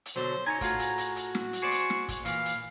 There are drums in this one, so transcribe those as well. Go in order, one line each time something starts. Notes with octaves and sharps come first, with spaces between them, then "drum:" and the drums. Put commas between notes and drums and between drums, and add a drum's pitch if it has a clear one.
drum: hi-hat
B2 D3 F#3 C5
D#4 C#5 D#5 G#5 A#5
A2 F4 F#4 G#4, drum: kick, hi-hat
drum: hi-hat
drum: hi-hat
drum: hi-hat
drum: snare
drum: hi-hat
G#4 C5 D5 C#6
drum: hi-hat
drum: snare
drum: kick, hi-hat
A#2 E3 F5, drum: hi-hat
drum: hi-hat